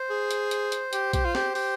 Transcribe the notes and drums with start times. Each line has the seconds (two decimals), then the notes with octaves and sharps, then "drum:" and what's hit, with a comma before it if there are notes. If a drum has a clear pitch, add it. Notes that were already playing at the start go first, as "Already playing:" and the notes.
Already playing: C5
0.10 G#4
0.31 drum: hi-hat
0.51 drum: hi-hat
0.72 drum: hi-hat
0.93 G4, drum: hi-hat
1.13 G4, drum: kick, hi-hat
1.25 F4
1.35 G4, drum: snare
1.55 G4, drum: open hi-hat